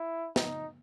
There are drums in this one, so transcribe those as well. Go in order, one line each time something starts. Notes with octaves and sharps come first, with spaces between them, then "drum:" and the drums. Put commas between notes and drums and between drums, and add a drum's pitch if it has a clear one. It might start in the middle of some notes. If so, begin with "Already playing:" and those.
Already playing: E4
D#4, drum: snare